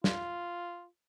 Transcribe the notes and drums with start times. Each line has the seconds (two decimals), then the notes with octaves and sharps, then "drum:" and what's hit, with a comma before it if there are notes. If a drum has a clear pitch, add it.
0.04 F4, drum: snare